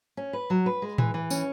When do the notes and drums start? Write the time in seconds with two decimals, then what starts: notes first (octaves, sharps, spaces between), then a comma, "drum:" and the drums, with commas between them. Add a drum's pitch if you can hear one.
0.17 C#4
0.33 B4
0.50 F#3
0.66 B4
0.82 G#3
0.98 E3, drum: tom A2
1.14 E3
1.30 C#4, drum: tambourine